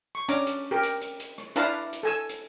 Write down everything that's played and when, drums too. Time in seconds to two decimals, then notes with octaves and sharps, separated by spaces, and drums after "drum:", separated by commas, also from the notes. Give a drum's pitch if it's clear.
0.15 C#6
0.29 C#4 D4 A#5 D6, drum: hi-hat
0.47 drum: hi-hat
0.71 G4 A#4
0.83 drum: hi-hat
1.02 drum: hi-hat
1.20 drum: hi-hat
1.38 drum: rim click
1.56 D4 E4 B4 F5 A5 A#5, drum: hi-hat
1.93 drum: hi-hat
2.03 A4 G#5 E6
2.29 drum: hi-hat